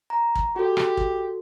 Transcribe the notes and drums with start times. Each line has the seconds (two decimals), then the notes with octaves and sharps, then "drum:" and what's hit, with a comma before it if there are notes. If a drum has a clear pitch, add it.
0.10 A#5
0.35 drum: kick
0.56 F#4 G4 A4
0.77 drum: rim click
0.97 drum: kick